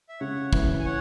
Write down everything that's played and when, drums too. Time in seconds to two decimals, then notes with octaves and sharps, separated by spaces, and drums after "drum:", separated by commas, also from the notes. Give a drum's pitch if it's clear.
0.09 E5
0.20 C#3 C#5 F#5
0.53 E3, drum: kick
0.79 G#5
0.85 C#5 F#5